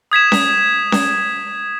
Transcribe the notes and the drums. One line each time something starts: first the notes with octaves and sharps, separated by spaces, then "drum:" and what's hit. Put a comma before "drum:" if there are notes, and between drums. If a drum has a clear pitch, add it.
D#6 G#6 B6 E7
drum: snare C#4
drum: snare C#4